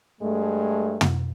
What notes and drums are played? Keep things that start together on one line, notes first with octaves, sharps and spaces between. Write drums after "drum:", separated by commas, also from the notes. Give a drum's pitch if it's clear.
G2 G#3 A3
drum: tom